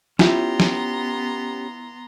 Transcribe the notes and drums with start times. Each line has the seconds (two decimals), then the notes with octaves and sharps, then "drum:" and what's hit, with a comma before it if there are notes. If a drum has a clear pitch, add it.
0.19 B3 C#4 E4 F4 G4 A#5 C6, drum: snare
0.60 drum: snare